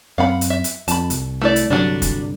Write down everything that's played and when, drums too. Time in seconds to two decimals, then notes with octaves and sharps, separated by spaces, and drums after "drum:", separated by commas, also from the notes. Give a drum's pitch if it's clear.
0.18 F#2 C4 F5 F#5 B5
0.41 drum: hi-hat
0.50 E5
0.64 drum: hi-hat
0.88 F2 A5 B5, drum: hi-hat
1.10 C2, drum: hi-hat
1.41 A3 E4 D5
1.56 drum: hi-hat
1.70 C2 G2 D3 F#3 G3 D4
2.02 drum: kick F1, hi-hat